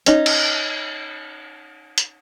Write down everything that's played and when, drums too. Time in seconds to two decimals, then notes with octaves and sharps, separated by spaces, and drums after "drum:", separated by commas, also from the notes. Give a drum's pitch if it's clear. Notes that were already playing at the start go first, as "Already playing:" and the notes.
0.06 C#4 D#4, drum: hi-hat
0.26 drum: cymbal
1.98 drum: hi-hat